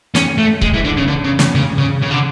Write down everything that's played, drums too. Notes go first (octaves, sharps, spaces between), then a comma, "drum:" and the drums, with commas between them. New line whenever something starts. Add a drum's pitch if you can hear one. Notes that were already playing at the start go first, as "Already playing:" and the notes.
C#4, drum: snare
A3
G#3, drum: kick C#1
E3
D3
C#3
D3
C#3
C#3, drum: snare
C#3
C#3
C#3
D3